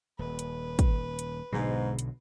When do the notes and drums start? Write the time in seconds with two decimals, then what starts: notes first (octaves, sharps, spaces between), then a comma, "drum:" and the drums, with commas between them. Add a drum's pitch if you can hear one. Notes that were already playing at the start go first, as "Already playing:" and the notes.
0.19 D#1 B4
0.39 drum: hi-hat
0.79 drum: kick, hi-hat
1.19 drum: hi-hat
1.53 B1 G#2 B2 D3 F#3
1.99 drum: hi-hat